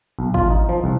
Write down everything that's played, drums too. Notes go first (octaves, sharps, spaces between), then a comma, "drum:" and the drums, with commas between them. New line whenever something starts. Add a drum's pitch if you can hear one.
B1
F4, drum: kick G#1
D#4
F3
C2